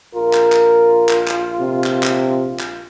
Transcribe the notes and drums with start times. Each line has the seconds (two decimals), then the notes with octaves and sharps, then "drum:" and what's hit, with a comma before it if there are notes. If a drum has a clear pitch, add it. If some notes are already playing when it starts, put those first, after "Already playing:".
0.15 A#1 F4 A#4
0.33 drum: clap
0.52 drum: clap
1.09 drum: clap
1.28 drum: clap
1.61 C3
1.84 drum: clap
2.03 drum: clap
2.60 drum: clap